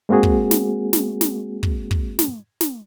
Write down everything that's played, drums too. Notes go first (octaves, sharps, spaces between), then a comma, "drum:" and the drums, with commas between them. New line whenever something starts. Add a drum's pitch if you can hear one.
G#3 A#3 C4 F#4 G#4
drum: kick
drum: snare
drum: snare
drum: snare
drum: kick
drum: kick
drum: snare
drum: snare